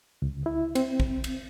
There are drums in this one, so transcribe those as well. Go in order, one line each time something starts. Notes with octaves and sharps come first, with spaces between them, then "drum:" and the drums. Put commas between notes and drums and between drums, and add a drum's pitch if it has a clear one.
C#2
E4
C4, drum: cymbal
drum: kick
drum: cymbal